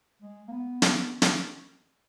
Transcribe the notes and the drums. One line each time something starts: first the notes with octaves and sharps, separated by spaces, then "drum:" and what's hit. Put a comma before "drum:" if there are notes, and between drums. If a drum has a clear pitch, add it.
G#3
A#3
B3
drum: snare
drum: snare